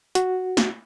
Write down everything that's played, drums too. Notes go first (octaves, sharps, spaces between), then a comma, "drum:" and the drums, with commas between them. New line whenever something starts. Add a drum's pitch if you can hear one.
F#4, drum: hi-hat
drum: snare